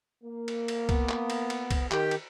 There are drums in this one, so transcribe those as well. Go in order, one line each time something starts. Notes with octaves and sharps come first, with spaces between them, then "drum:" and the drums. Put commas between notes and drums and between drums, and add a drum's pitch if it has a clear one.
A#3
drum: cymbal
drum: cymbal
B3, drum: kick C2, cymbal
drum: clap
drum: cymbal
drum: cymbal
drum: kick C2, cymbal
D#3 G4 G5, drum: clap
drum: cymbal